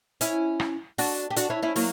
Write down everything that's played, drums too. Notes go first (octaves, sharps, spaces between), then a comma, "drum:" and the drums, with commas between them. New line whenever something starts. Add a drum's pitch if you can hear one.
C#4 E4, drum: hi-hat
drum: rim click
D4 F#4, drum: open hi-hat
G4
D4 F#4, drum: hi-hat
C#4 E4
C#4 E4
F#3 A#3, drum: open hi-hat